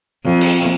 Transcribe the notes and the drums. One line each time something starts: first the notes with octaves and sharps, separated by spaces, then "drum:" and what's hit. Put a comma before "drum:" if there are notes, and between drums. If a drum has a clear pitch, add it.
F2
drum: cymbal